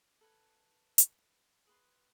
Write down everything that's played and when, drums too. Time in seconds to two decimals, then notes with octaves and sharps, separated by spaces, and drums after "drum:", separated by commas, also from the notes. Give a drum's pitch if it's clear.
0.21 A4 B4 G#5
0.98 drum: hi-hat
1.67 G#4 B4 C6